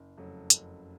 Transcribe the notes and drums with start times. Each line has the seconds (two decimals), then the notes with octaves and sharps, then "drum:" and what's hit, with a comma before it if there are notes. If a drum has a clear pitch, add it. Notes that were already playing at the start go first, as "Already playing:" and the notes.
Already playing: F#1
0.17 F2 C#3 F#3 A3
0.50 F#1, drum: hi-hat